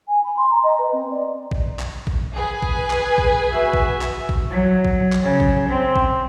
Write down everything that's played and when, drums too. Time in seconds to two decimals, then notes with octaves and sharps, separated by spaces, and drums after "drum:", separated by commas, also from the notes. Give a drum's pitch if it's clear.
0.08 G#5
0.23 B5
0.36 C6
0.50 A#5
0.63 D#5
0.78 B4
0.92 C4
1.10 D5
1.51 drum: kick A1
1.79 drum: clap
2.07 drum: kick A1
2.35 G#4 B4 G#5
2.62 drum: kick A1
2.90 drum: clap
3.18 drum: kick A1
3.51 F#4 E5
3.74 drum: kick A1
4.01 drum: clap
4.29 drum: kick A1
4.49 F#3
4.85 drum: kick A1
5.12 drum: clap
5.22 C#3
5.40 drum: kick A1
5.68 C4
5.96 drum: kick A1